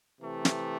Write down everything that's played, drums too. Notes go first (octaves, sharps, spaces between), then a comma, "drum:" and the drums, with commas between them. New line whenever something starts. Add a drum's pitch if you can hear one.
C3 E3 A3
drum: snare